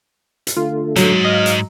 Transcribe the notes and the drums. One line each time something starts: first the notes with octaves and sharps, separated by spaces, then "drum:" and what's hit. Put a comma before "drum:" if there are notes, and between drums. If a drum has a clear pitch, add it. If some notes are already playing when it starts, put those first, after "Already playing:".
drum: hi-hat
D3 A3 F4
C#2 G#2 F#3, drum: hi-hat
D#5 F5
drum: hi-hat